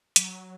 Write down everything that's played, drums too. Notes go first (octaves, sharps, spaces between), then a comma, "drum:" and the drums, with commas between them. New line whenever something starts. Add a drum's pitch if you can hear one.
F#3, drum: hi-hat